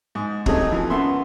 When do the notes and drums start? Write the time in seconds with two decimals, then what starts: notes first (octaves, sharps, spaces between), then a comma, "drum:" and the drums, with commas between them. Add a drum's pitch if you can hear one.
0.15 G#2
0.46 C3 F#3 A3 D#4 G#4 A4, drum: kick
0.72 E3 F3
0.90 F#2 B3 E5 C6